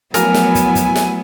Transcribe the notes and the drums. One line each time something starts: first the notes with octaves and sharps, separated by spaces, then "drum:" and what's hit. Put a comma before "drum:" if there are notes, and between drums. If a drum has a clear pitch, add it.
F3 F#3 A3 B3 E4 F#4 A#4 G#5, drum: hi-hat
drum: snare
drum: kick, hi-hat
drum: kick, hi-hat
drum: snare